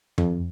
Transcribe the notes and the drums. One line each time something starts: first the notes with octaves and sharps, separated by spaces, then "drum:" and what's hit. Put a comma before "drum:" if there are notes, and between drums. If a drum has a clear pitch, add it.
F2, drum: tom F2